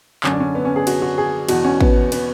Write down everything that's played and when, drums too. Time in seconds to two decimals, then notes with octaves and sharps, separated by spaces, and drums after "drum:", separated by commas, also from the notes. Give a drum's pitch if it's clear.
0.24 F#2 D3 C#4, drum: clap
0.32 D4
0.40 C#4
0.55 B3
0.65 C#4
0.76 G#4
0.87 F#4, drum: cymbal
1.02 F#4
1.18 G#4
1.49 E2 B2 F#4, drum: cymbal
1.64 C#4
1.81 B3, drum: kick A1
2.12 B3, drum: cymbal